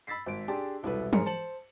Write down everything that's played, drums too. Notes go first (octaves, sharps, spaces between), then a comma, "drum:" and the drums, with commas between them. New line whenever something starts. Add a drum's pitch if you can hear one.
B5 E6 A6 B6 C7
G#1 D7
D4 G4 G#4 G#5 A5 C6
E1 C2 E4 A4 B4
G#2 G#4 A#4 C#7, drum: tom E3
C5 A5 C#7 F#7